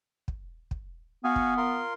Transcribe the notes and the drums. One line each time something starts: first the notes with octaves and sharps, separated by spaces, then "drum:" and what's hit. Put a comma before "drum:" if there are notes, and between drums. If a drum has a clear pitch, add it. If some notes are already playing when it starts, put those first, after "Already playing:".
drum: kick
drum: kick
B3 F#4 F5 G#5
drum: kick
F4 A#4 C6